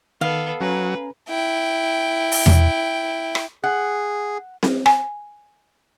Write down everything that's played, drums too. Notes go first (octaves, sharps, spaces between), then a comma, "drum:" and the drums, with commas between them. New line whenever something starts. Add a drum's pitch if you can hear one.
D#3 B3 A4 F5
F#3 C#4 B4 G#5 A#5
E4 G5
drum: open hi-hat
drum: tom E2
drum: rim click
G#4 F#5
drum: snare C4
G#5, drum: rim click